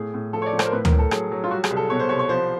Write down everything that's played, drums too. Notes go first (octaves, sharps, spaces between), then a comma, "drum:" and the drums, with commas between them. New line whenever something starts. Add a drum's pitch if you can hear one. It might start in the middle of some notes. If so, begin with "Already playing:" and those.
Already playing: A2 G#4
A2
F3 A4
C#5
D5
F3
C5, drum: rim click
A#4
A2 B4
A#4, drum: tom D2
A2
A4
F#3 G#4, drum: rim click
F#3
F4
G3 F#4
G#4, drum: rim click
C2
A4
B2 C#5
C5
C2 C#5
C#5
F3 C5